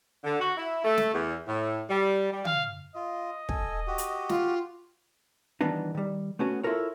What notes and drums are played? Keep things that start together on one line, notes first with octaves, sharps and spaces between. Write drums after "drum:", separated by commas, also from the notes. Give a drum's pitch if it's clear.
D3
F#4
E4
A3
drum: snare
E2
A2
G3
G3
F5, drum: tom D3
F4 D#5
A4 G#5, drum: kick
F#4 G4
drum: hi-hat
F4, drum: snare
D#3 E3 G3 B3 D4 D#4
D#3 G3
A3 B3 C#4 F#4
E4 F4 A4 A#4 C#5